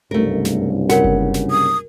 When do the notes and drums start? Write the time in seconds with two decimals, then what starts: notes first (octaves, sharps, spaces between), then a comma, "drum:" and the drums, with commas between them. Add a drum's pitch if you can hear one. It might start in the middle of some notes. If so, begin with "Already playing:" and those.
0.11 F#1 C2 G2 A3 A#4
0.45 drum: snare
0.89 C#3 F#4 A#4 F#5, drum: snare
1.04 drum: kick F#1
1.34 drum: snare
1.51 D#6